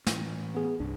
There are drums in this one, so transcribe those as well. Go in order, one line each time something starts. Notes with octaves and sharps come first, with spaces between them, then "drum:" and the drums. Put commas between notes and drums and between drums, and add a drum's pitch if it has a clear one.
A2 E3, drum: snare
B3 G#4
C2 G2 D4